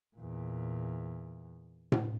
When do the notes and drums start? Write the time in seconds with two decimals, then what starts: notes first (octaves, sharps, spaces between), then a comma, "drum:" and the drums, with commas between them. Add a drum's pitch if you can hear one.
0.16 E2 A#2
1.92 drum: tom A2